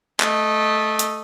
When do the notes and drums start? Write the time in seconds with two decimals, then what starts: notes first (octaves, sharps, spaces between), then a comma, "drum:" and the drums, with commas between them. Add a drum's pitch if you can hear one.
0.20 A3 D#5, drum: clap
0.99 drum: hi-hat